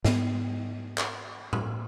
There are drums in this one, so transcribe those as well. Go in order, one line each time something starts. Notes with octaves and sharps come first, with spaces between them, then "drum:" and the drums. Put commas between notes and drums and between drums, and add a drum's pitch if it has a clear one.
G#2 B3, drum: snare
drum: clap
drum: tom A2